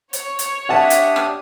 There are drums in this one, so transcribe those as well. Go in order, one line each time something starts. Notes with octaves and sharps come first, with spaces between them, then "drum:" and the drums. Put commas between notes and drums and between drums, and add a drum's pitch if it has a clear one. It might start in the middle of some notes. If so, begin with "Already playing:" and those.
C#5, drum: hi-hat
drum: hi-hat
D4 G4 E5 F#5 A5 D#6
drum: hi-hat
drum: rim click